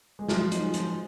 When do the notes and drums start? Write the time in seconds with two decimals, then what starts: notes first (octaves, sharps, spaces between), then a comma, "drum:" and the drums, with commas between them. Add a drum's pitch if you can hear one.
0.19 G#3
0.29 F3 F#3, drum: snare
0.52 D#4, drum: hi-hat
0.62 G#3
0.74 F3, drum: hi-hat